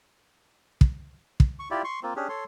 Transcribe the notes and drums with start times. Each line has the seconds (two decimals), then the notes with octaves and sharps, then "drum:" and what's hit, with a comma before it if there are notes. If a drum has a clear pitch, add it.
0.81 drum: kick
1.40 drum: kick
1.59 C#6
1.71 E4 F4 G4 D5
1.84 C6 C#6
2.03 A#3 C4 F4
2.16 C#4 D4 G4 G#4
2.29 A4 C#5 C6